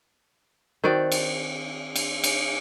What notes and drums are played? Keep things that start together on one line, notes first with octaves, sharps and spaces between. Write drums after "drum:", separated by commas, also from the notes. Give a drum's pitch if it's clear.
D#3 C4 F#4 D5
drum: cymbal
drum: cymbal
drum: cymbal